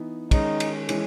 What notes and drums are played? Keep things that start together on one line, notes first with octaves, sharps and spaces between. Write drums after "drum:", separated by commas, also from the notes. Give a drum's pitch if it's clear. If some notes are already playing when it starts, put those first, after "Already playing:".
Already playing: E3 B3 D#4
D#3 G#3 C#4 D#4, drum: kick, cymbal
drum: cymbal
E3 G#3 C#4, drum: cymbal